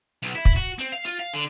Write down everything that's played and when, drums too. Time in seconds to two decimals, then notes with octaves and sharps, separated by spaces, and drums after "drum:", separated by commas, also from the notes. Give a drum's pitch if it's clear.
0.22 B1
0.35 E4
0.45 drum: kick
0.56 F#4
0.79 C4
0.92 F5
1.05 F4
1.20 F5
1.34 D3